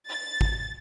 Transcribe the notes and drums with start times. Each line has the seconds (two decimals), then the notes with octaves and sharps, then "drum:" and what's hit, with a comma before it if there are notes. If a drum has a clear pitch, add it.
0.10 A6
0.41 drum: kick